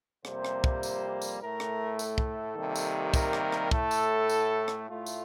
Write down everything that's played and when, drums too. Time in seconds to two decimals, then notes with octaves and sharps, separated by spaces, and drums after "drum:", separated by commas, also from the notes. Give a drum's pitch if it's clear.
0.25 F2 C3 G3 A#3 C5, drum: rim click
0.45 drum: rim click
0.64 drum: kick
0.83 drum: tambourine
1.22 drum: tambourine
1.40 A2 A3 A#4
1.60 drum: rim click
1.99 A4, drum: tambourine
2.18 drum: kick
2.56 C3 D#3 G3 A#3
2.76 drum: tambourine
3.14 A#4, drum: kick, tambourine
3.33 drum: rim click
3.52 drum: rim click
3.71 A2 A3 A4, drum: kick
3.91 drum: tambourine
4.29 drum: tambourine
4.68 drum: rim click
4.87 A2 A3 F4
5.06 drum: tambourine